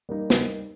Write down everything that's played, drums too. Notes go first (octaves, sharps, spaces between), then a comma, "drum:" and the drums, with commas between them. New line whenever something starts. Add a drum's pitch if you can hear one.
G3 A#3 D#4
drum: snare